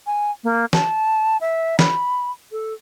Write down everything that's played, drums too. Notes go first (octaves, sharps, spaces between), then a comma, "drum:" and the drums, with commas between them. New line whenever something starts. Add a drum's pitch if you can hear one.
G#5
A#3
A5, drum: snare
E5
B5, drum: snare
A4